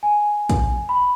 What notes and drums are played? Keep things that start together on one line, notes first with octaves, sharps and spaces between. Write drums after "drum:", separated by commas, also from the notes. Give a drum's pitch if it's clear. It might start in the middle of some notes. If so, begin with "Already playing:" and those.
G#5
drum: kick, hi-hat
B5